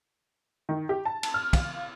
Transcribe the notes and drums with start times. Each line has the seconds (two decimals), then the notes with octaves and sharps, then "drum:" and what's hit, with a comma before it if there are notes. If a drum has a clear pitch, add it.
0.69 D#3
0.89 G4
1.05 A5
1.23 drum: cymbal
1.34 F6
1.53 F5, drum: kick, cymbal